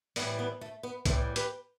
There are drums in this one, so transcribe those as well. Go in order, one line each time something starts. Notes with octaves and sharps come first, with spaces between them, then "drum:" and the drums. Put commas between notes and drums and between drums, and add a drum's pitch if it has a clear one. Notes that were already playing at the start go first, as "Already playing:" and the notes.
A2 E3 G3 B3, drum: open hi-hat
B3
A3
B3
A2 E3 G3 A3 C4, drum: kick, hi-hat
G4 B4, drum: hi-hat